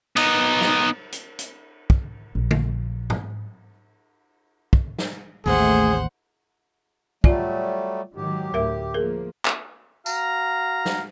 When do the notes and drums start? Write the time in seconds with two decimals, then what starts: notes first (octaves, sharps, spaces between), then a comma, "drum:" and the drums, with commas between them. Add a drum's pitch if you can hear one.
0.17 B3 D#4, drum: cymbal
0.61 drum: snare
1.12 drum: hi-hat
1.39 drum: hi-hat
1.90 drum: kick
2.35 A#1
2.51 drum: tom D3
3.10 drum: tom G#2
4.73 drum: kick
4.99 drum: snare
5.46 A1 D#2 A3 C4 G#4 A#4 C5 F#5
7.24 F#3 G3 A3 F4 D5 G#5, drum: kick
8.16 G#2 D#3 F#3 G4
8.54 D2 A2 A#4 E5
8.95 F3 A#3 G#4 A#4
9.45 drum: clap
10.06 F#4 F5 A#5, drum: tambourine
10.85 drum: snare